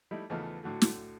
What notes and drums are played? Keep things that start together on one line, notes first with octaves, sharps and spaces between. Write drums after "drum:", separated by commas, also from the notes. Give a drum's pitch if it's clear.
G3 A3 D#4 E4
E2 C#3 F3 A3 B3 D#4
A2 D3 F#3 A3
drum: snare